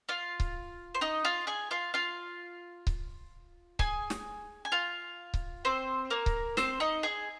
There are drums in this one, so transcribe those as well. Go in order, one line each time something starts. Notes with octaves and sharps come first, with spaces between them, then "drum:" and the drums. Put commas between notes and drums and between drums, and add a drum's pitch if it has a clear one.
F4 F5
drum: kick C#1
C5
D#4 D#5
F4 F5
G#4 G#5
F4 F5
F4 F5
drum: kick C#1
G#4 G#5, drum: kick C#1
drum: snare
G#5
F4 F5
drum: kick C#1
C4 C5
A#3 A#4
drum: kick C#1
C4 C5, drum: snare
D#4 D#5
G#4 G#5